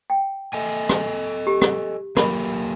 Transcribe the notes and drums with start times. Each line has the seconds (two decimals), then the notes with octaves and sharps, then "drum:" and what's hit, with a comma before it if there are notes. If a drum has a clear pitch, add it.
0.10 G5
0.53 A4 D#5 G#5
0.89 drum: rim click
1.47 G4
1.62 drum: rim click
2.17 F#3 A#3 G4 A#4 D5 B5, drum: rim click